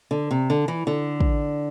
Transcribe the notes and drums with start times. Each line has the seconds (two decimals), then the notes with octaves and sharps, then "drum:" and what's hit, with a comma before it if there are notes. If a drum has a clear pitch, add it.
0.11 D3
0.31 C3
0.50 D3
0.68 E3
0.87 D3
1.20 drum: kick